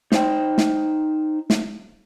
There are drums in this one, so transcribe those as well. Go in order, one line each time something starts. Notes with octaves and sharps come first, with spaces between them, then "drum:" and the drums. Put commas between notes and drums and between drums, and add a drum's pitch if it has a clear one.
D#4 C5 G5, drum: snare
drum: snare
drum: snare